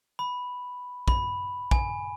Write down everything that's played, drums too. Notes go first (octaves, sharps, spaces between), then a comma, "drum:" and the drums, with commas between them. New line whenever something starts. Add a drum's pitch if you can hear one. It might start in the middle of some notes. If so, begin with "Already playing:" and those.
B5
B5, drum: kick A#1
G#5, drum: kick A#1